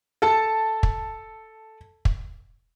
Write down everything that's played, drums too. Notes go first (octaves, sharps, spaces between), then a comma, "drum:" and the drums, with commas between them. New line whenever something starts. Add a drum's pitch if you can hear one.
A4 A5
drum: kick
drum: kick